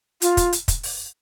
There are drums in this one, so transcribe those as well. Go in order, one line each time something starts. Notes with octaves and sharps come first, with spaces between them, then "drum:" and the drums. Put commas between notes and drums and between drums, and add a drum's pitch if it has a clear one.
F4, drum: hi-hat
drum: kick, hi-hat
drum: hi-hat
drum: kick, hi-hat
drum: open hi-hat